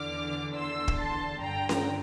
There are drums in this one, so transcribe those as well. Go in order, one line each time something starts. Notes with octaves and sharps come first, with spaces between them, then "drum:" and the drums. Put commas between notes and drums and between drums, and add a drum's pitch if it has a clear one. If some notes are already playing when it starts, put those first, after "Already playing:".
Already playing: E2 D3 D6 F6
C6 E6
drum: kick
A5 C6
G2 D3 G5 A#5
drum: snare C#4